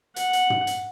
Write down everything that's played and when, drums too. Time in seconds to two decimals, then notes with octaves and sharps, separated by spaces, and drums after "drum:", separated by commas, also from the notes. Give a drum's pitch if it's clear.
0.16 F#5, drum: hi-hat
0.33 drum: hi-hat
0.50 drum: tom
0.67 drum: hi-hat